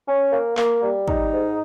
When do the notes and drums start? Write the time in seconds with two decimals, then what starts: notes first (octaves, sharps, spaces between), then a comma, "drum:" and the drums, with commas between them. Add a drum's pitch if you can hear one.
0.07 C#4
0.32 A#3
0.57 A#3, drum: clap
0.82 G3
1.08 D#4, drum: kick
1.33 G#2